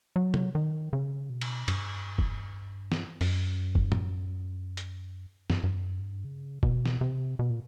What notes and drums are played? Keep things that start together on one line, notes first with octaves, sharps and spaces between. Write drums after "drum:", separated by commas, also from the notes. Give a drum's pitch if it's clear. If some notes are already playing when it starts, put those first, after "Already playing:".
F#3
drum: tom C3
D#3
C#3
B2
drum: cymbal
G2, drum: cymbal
drum: kick
drum: snare
F#2, drum: open hi-hat
drum: kick
drum: tom
drum: hi-hat
G2, drum: snare
G2
F#2
G2
C#3
B2, drum: kick
drum: snare
C3
B2
A#2